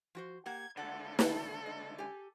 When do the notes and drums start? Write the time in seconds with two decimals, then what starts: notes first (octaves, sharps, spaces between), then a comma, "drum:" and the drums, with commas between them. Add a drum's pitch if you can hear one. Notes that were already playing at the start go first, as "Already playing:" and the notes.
0.15 F3 F#4 C5
0.46 A#3 G4 F#5 G#6
0.77 C#2 D3 A4 F#5
1.19 B2 D#3 A5, drum: snare
1.66 D#5
1.98 G4 G#5